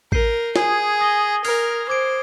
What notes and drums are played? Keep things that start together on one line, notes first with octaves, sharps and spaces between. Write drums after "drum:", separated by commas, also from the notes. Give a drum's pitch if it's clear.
A#4 G6 C7 D#7 G7, drum: kick
G#4 G#5 D#6 G#6, drum: snare
D#6 A#6 D#7 G7
A#4 F6 G#6 C7 F7, drum: open hi-hat
C5 D6 G#6 D7